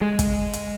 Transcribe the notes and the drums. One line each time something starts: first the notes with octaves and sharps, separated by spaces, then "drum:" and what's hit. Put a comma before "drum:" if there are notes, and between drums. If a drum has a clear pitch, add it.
G#3
drum: kick, hi-hat
drum: hi-hat